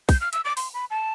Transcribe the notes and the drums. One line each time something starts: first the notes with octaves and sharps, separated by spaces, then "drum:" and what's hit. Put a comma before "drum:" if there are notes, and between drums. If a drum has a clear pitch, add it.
G6, drum: kick, open hi-hat
F6
E6, drum: hi-hat
D6
C6, drum: open hi-hat
B5
A5